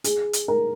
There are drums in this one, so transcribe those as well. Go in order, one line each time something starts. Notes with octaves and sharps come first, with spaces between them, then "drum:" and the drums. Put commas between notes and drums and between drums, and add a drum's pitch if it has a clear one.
G#4, drum: hi-hat
drum: hi-hat
A#4